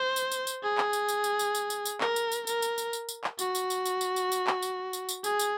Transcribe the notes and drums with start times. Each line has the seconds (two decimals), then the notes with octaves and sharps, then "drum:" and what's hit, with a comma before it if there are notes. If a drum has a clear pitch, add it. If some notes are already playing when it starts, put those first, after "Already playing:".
Already playing: C5
0.16 drum: tambourine
0.32 drum: tambourine
0.47 drum: tambourine
0.63 G#4
0.78 drum: clap
0.93 drum: tambourine
1.09 drum: tambourine
1.24 drum: tambourine
1.39 drum: tambourine
1.55 drum: tambourine
1.70 drum: tambourine
1.85 drum: tambourine
2.01 A#4, drum: clap
2.16 drum: tambourine
2.32 drum: tambourine
2.47 A#4, drum: tambourine
2.62 drum: tambourine
2.78 drum: tambourine
2.93 drum: tambourine
3.09 drum: tambourine
3.24 drum: clap
3.39 F#4, drum: tambourine
3.55 drum: tambourine
3.70 drum: tambourine
3.86 drum: tambourine
4.01 drum: tambourine
4.16 drum: tambourine
4.32 drum: tambourine
4.47 drum: clap
4.62 drum: tambourine
4.93 drum: tambourine
5.09 drum: tambourine
5.24 G#4, drum: tambourine
5.39 drum: tambourine